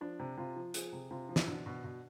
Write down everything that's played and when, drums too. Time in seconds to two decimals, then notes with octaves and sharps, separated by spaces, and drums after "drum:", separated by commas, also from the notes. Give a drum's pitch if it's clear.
0.01 F3 D4
0.19 C3
0.37 C3 F4
0.56 F3
0.74 F3 G#4, drum: hi-hat
0.93 C3
1.11 C3 F4
1.29 F3
1.36 E4, drum: snare
1.47 B2 D4
1.66 B2
1.84 B2